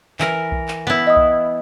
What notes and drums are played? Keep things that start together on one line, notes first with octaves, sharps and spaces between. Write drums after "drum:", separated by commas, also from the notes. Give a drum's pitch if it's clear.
E3 A#4, drum: clap
drum: kick B1
drum: clap
B3 E4
D#5 D#6
drum: kick B1